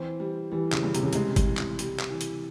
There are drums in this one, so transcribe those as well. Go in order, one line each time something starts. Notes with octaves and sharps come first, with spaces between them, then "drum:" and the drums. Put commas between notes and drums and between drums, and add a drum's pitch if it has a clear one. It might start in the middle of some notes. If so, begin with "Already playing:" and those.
Already playing: E3 C4
G3
E3 G3
C#3, drum: clap
G2
C3, drum: hi-hat
C#3
C3 G#3, drum: hi-hat
drum: kick G1, hi-hat
E3
drum: clap
G3, drum: hi-hat
drum: clap
E3
drum: hi-hat